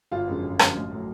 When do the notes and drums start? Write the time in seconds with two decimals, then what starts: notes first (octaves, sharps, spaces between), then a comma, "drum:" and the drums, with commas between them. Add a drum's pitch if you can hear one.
0.12 G1 F4
0.28 F#2 D3 F3 G#3
0.44 G1
0.59 F#2 D3 F3 G#3, drum: rim click
0.75 A1
0.91 A2 F#3